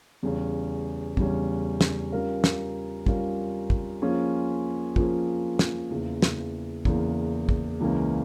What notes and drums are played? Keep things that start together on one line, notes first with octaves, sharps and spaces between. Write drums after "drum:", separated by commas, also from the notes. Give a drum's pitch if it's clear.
E2 C#3 G3 C#4
E2 C#3 G3 C#4, drum: kick
drum: snare
G3 C#4 F4 A#4 F5
drum: snare
G3 C#4 F4 A#4 F5, drum: kick
drum: kick
F3 A#3 C#4 F4 G#4
F3 A#3 C#4 F4 G#4, drum: kick
drum: snare
E2 C#3 E3 A#3
drum: snare
E2 C#3 E3 A#3, drum: kick
drum: kick
C#2 C#3 E3 A#3 C#4